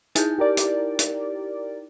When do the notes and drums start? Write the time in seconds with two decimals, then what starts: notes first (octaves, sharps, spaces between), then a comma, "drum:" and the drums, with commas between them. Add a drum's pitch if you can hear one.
0.15 D#4 E4 G#4 G6, drum: hi-hat
0.38 G4 A#4 D5
0.57 drum: hi-hat
0.99 drum: hi-hat